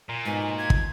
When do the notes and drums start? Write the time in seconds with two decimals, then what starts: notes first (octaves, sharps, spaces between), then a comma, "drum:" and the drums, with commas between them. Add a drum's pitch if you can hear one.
0.09 A#2
0.25 G#2 B2 G#5
0.58 G#6
0.70 drum: kick